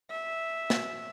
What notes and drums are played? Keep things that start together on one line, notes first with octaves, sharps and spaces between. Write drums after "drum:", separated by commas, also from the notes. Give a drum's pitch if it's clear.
E5
drum: snare